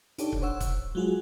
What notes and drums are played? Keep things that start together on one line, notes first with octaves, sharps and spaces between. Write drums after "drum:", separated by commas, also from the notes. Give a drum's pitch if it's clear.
D4 D#4 G4 A4 C#5 D5, drum: hi-hat
drum: kick C#1
C5 C#5 F#5 E6
drum: kick C#1, hi-hat
F#3 G#3 F4 F#4 G#4